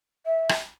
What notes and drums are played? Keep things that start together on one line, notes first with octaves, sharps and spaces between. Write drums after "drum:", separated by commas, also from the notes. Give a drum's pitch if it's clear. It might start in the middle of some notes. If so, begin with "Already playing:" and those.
E5
drum: rim click